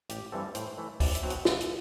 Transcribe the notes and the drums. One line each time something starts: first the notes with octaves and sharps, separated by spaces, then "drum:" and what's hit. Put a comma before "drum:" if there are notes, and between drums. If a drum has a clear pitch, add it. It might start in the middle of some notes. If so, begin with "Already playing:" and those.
A1 G4, drum: hi-hat
G2 E3 G3 C4 A4
A2 C5, drum: hi-hat
E3 A3
B1 D5, drum: kick, open hi-hat
E5, drum: hi-hat
B2 F#3 C4
F#5, drum: hi-hat
B1 E5, drum: snare
E5, drum: hi-hat